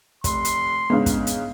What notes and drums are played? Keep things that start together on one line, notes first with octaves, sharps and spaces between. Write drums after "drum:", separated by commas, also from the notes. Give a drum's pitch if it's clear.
F1 C6, drum: kick, hi-hat
drum: hi-hat
G#2 C#3 B3 D4
drum: kick, hi-hat
drum: hi-hat